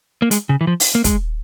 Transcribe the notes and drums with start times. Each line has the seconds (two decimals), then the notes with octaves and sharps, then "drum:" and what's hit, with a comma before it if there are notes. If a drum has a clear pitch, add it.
0.22 A#3
0.31 G#3, drum: hi-hat
0.49 C#3
0.61 E3
0.67 F3
0.80 drum: open hi-hat
0.95 A#3
1.04 G#3, drum: kick, hi-hat